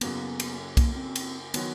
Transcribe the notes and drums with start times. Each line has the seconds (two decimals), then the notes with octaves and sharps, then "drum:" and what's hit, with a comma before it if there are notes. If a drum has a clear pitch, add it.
0.01 F#2 C#3 F#3 A#3 B3, drum: cymbal
0.40 drum: cymbal
0.77 A#3, drum: kick B1, cymbal
0.96 C4
1.16 drum: cymbal
1.54 D#3 F#3 B3, drum: cymbal